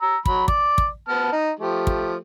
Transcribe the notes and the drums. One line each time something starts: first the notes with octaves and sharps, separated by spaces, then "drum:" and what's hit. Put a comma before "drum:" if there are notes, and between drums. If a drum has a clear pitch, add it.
A#5 E6
F#3 B5, drum: kick
D5, drum: kick
drum: kick
B3 A5 F6
D#4
F3 A3 G4
drum: kick